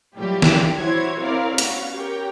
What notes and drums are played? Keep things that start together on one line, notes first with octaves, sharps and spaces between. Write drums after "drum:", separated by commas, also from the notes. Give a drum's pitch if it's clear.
A#2 E3 F#3 G3 G4
drum: snare
E3 E4 F#4 C5 C#5 G#6
C4 E4 A#4 C#5 D5 F5
B3 C#4 F#4 F5, drum: hi-hat
G4 A#4 C#5 G5